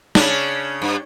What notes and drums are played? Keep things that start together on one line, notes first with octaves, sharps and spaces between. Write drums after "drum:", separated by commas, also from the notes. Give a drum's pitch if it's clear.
C#3 C#4 D4, drum: snare
G2